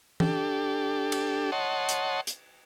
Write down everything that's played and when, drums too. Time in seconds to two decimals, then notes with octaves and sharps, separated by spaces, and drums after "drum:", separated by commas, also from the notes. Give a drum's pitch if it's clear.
0.20 D4 G4 A4, drum: tom E3
1.12 drum: cymbal
1.52 C#5 D#5 F#5 A5 C6
1.89 drum: hi-hat
2.27 drum: hi-hat